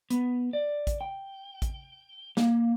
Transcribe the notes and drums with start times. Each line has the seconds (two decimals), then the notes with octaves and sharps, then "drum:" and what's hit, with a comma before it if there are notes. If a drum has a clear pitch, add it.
0.10 B3, drum: hi-hat
0.53 D5
0.87 drum: kick, hi-hat
1.01 G5
1.62 drum: kick, hi-hat
2.37 A#3, drum: snare